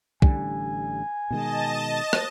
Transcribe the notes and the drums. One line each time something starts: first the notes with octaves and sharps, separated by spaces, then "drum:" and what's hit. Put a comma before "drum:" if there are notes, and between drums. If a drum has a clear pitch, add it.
A1 D3 G3 G#5, drum: kick
B2 D#3 G#3 D#5 A5
drum: rim click